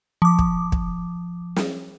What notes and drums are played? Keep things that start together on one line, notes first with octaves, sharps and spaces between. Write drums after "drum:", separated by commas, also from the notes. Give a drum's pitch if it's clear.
F3 D6
drum: kick
drum: kick
drum: snare